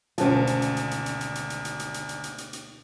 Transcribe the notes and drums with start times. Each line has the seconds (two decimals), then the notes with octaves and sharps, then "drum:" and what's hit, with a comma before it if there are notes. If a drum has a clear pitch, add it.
0.18 G#1 D2 B2 C#4 F4 C5 G#5 A5, drum: hi-hat
0.47 drum: hi-hat
0.62 drum: hi-hat
0.77 drum: hi-hat
0.91 drum: hi-hat
1.06 drum: hi-hat
1.21 drum: hi-hat
1.35 drum: hi-hat
1.50 drum: hi-hat
1.65 drum: hi-hat
1.80 drum: hi-hat
1.94 drum: hi-hat
2.09 drum: hi-hat
2.24 drum: hi-hat
2.38 drum: hi-hat
2.53 drum: hi-hat